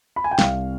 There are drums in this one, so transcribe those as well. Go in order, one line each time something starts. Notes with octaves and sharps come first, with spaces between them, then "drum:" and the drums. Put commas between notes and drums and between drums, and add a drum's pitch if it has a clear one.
B5
G#5
G5
C2 C3 G3 F5, drum: snare